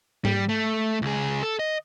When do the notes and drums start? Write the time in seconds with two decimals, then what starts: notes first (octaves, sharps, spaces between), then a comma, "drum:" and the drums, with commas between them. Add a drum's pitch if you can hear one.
0.25 G3, drum: tom G#2
0.49 A3
1.02 C#2 G#4
1.43 A4
1.59 D#5